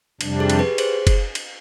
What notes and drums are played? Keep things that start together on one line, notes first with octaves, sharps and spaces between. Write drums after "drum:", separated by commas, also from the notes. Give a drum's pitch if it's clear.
F2 C3 G3 D4, drum: cymbal
G#4
drum: cymbal
G4 B4
G#4 C5, drum: cymbal
drum: kick F#1, cymbal
drum: cymbal